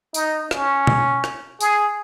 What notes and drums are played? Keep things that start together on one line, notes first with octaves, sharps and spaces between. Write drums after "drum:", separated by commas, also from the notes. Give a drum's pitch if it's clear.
D#4, drum: tambourine
C#4, drum: rim click
drum: tom
drum: rim click
G#4, drum: tambourine